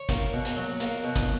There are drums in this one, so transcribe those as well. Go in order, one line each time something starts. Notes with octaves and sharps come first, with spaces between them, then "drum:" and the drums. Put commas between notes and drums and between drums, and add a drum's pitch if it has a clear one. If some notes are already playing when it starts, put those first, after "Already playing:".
Already playing: C#5
A#3, drum: kick, hi-hat
B2
drum: hi-hat
F#3
A#3, drum: hi-hat
B2
drum: kick, hi-hat